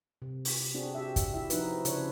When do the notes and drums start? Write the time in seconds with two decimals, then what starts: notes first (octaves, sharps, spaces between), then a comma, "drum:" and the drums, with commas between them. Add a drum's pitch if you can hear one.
0.22 C3
0.45 drum: open hi-hat
0.74 C4 D4 F#4 G#4
0.95 G4 E5
1.16 drum: kick, hi-hat
1.34 E4 E5
1.50 F3 D#4 E4 F#4 B4, drum: hi-hat
1.85 C#3 D4 E4 B4 C#5, drum: hi-hat